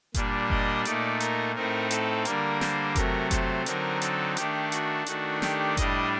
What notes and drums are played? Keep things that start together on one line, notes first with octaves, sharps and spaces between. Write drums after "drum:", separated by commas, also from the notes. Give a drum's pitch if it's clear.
A#2 G3 D4, drum: kick F#1, hi-hat
D#5, drum: kick F#1
A#2 A3 D#4 D5, drum: hi-hat
A#4, drum: hi-hat
A2 A3 C4 D#4 A#4
A4, drum: hi-hat
D3 G3 A#3 A#4, drum: hi-hat
C5, drum: snare
C3 F#3 A3 A#4, drum: kick F#1, hi-hat
C5, drum: kick F#1, hi-hat
D3 F#3 C4 D#4 A#4, drum: hi-hat
A4, drum: hi-hat
D#3 A3 D4 G4, drum: hi-hat
F#4, drum: hi-hat
D#3 A3 D4 F#4, drum: hi-hat
G4, drum: snare
A2 G3 D4 D#5, drum: kick F#1, hi-hat